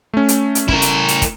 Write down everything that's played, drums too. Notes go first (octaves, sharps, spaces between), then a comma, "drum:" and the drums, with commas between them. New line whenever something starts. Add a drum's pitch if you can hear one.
A3 C#4
drum: hi-hat
drum: hi-hat
E4 A#4, drum: kick
drum: hi-hat
drum: hi-hat
drum: kick, hi-hat